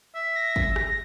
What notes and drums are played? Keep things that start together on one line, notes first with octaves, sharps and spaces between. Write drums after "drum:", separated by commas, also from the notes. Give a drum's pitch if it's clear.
E5
A#6
drum: kick
drum: rim click